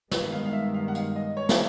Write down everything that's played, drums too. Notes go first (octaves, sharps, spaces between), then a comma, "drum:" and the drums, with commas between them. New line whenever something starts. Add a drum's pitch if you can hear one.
G2 D#3 G#3 B3 B4, drum: snare
F5
F5
E5
F5
F#5
F5, drum: hi-hat
D#5
C#5
A4, drum: snare